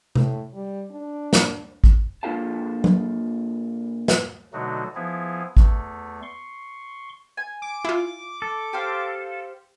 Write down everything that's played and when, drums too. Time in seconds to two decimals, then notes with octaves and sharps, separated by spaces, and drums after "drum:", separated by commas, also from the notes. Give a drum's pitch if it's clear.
0.15 A2, drum: tom C3
0.54 G3
0.91 D4
1.33 drum: snare
1.84 drum: kick G#1
2.23 A#2 D4 F4 A4 F5 A5
2.84 drum: tom F#3
4.08 drum: snare
4.53 B2 D3 F#3 A3 D#4 F#4
4.95 F3 B3 E4 G#4
5.57 E2 A3, drum: kick G#1
6.23 C6 C#6
7.37 G#5
7.62 D6
7.85 E4 F4
8.42 A4
8.73 G4 C5 F5